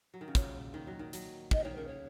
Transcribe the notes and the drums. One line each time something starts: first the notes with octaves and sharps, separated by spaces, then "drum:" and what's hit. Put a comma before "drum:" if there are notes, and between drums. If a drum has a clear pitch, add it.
F#3
D#3
C#3
A#2 C#5, drum: kick, hi-hat
D#3
F#3
D#3
F#3, drum: hi-hat
D#3 D#5, drum: kick
D#3 C#5
C#3 A#4
C#5